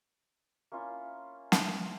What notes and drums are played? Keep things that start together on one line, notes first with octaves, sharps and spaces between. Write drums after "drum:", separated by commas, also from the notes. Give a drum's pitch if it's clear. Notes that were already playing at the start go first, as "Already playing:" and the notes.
A#3 C#4 E4 F4
drum: snare